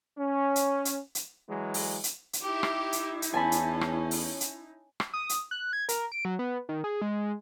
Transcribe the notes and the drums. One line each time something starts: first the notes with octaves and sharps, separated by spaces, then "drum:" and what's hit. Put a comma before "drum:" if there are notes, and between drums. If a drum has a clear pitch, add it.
C#4
drum: hi-hat
drum: hi-hat
drum: hi-hat
E3 F#3 G#3
drum: open hi-hat
drum: hi-hat
drum: hi-hat
D#4 E4 G4 E5
drum: rim click
drum: hi-hat
drum: hi-hat
E2 C#4 G#5 A5 B5
drum: hi-hat
drum: rim click
drum: open hi-hat
drum: hi-hat
drum: rim click
D#6
drum: hi-hat
F#6
G#6
A#4, drum: hi-hat
D7
F#3
B3
D#3
G#4
G#3